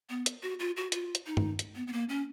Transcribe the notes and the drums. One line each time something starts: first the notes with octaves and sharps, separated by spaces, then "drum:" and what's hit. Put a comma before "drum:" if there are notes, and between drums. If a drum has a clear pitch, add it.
B3
drum: hi-hat
F#4
F4
F#4
F4, drum: hi-hat
drum: hi-hat
D#4
drum: tom G2
drum: hi-hat
B3
B3
A#3
C#4